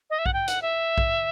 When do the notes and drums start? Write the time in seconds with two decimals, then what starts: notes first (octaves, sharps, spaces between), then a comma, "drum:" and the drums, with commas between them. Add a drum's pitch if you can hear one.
0.10 D#5
0.19 E5
0.26 F#5, drum: kick A#1
0.33 G5
0.48 F#5, drum: hi-hat
0.62 E5
0.98 drum: kick A#1